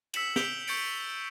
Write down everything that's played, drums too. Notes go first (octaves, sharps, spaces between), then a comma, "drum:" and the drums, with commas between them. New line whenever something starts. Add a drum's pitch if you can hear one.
E6 B6 C#7 E7 F#7, drum: cymbal
G6 B6 D7 F7 G7, drum: snare
C#6 G6 A6 C#7 D7, drum: open hi-hat